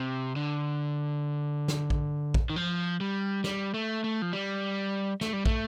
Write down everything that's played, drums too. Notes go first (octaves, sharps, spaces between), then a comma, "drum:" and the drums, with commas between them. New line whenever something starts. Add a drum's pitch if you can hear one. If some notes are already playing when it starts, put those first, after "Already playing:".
Already playing: C3
D3
drum: snare
drum: kick
drum: kick
D#3
F3
G3
G3, drum: snare
A3
A3
F3
G3
A3, drum: snare
G3
A3, drum: kick